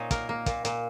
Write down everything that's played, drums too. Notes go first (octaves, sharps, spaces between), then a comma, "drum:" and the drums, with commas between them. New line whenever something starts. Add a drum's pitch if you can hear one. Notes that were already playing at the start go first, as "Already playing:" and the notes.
Already playing: A#2 D#4 C#5
A#3 A#4, drum: kick, hi-hat
A#3
A#2, drum: kick, hi-hat
A#2, drum: hi-hat